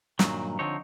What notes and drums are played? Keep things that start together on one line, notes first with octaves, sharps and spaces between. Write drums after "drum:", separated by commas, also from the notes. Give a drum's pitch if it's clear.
G2 A#2 D#3 F#3, drum: snare
D3 F3 C4 D#4 C#5